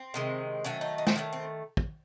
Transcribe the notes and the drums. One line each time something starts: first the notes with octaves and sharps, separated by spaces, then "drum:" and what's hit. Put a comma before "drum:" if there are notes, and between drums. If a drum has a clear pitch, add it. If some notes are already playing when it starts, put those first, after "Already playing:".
Already playing: C4
C3 D#3 G#3
D#3 F#3 A3 C#4
D#4
D#4
C4, drum: snare
D#3 F#3 A3 C#4
C4
drum: kick